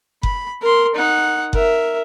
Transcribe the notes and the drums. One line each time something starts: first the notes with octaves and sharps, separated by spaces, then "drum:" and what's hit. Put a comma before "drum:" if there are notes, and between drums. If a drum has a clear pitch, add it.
B5, drum: kick F#1
A#4 C6
D#4 F#5
A#4 E5, drum: kick F#1